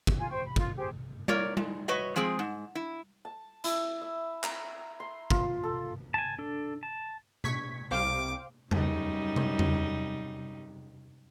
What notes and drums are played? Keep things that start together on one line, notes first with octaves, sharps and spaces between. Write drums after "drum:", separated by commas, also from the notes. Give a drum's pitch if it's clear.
drum: kick
F4 G#5
C5 G5 C#6
B5
F4, drum: kick
G4 G#4 C5
A#3 A#4 C#5 D5, drum: tom G3
G#3, drum: tom G3
F#4 B4 C#5 D#5 E5
F3 G#3 C4 G#4
G#2
E4
A5
E4, drum: hi-hat
E5
A#5, drum: clap
C6
F4, drum: kick
A4
G#5 A5
D4 A4
A5
C#6 G#6 B6, drum: tom B2
C2 C5 F5 G5 D6
F#2 G3 D#4, drum: tom
drum: tom
drum: tom